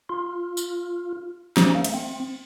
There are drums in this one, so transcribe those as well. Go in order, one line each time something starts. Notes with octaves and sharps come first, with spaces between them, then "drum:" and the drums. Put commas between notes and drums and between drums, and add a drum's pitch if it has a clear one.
F4
drum: tambourine
D#4, drum: snare
C#4
A#3
A3, drum: cymbal
C4